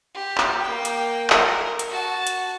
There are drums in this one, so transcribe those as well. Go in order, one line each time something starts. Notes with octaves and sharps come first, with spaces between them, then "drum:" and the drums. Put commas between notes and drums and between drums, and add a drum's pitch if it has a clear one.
G4
drum: clap
A#3 G5
drum: hi-hat
A#4, drum: clap
drum: hi-hat
F#4 A5
drum: hi-hat